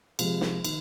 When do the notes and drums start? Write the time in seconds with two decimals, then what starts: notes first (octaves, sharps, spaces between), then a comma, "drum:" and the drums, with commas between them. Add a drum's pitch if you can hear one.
0.19 C3 F3 G#3, drum: cymbal
0.41 drum: snare
0.65 D#3, drum: cymbal